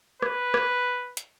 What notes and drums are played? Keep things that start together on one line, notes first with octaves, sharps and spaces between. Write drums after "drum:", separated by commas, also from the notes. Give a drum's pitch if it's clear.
B4, drum: rim click
drum: rim click
drum: hi-hat